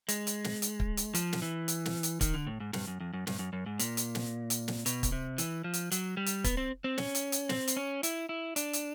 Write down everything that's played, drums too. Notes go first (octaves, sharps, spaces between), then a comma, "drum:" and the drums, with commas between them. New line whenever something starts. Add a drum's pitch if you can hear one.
G#3, drum: hi-hat
drum: hi-hat
drum: snare
drum: hi-hat
drum: kick
drum: hi-hat
F3, drum: hi-hat
drum: snare
E3
drum: hi-hat
drum: snare
drum: hi-hat
D#3, drum: kick, hi-hat
D3
A2
G#2
G2, drum: snare
F#2
F2
F#2
G2, drum: snare
F#2
F#2
G#2
A#2, drum: hi-hat
drum: hi-hat
drum: snare
drum: hi-hat
drum: snare
B2, drum: hi-hat
drum: kick, hi-hat
C3
E3, drum: hi-hat
F3
drum: hi-hat
F#3, drum: hi-hat
G3
drum: hi-hat
B3, drum: kick, hi-hat
C4
C4
C#4, drum: snare
drum: hi-hat
drum: hi-hat
C4, drum: snare
drum: hi-hat
C#4
E4, drum: hi-hat
E4
D4, drum: hi-hat
drum: hi-hat